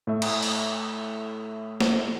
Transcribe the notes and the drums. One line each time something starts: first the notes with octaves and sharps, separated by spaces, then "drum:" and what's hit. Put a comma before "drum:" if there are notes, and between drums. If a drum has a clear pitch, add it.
A2 A3 E5
drum: cymbal
drum: open hi-hat
drum: snare